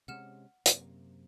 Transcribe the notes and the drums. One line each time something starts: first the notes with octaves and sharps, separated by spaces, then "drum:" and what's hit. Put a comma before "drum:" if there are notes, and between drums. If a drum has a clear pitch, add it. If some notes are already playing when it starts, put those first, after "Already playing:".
C3 G#3 C#4 F#5 F6 E7
F#2 C3 A#3, drum: hi-hat